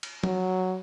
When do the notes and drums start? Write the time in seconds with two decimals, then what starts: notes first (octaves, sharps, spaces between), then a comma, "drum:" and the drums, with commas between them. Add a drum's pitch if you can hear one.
0.03 drum: cymbal
0.24 F#3, drum: tom